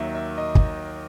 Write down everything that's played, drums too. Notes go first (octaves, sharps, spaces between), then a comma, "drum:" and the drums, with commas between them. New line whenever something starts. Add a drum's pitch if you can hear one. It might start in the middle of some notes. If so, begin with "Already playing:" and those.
Already playing: D#2 D#3 F#3 E5
E5
D#5
drum: kick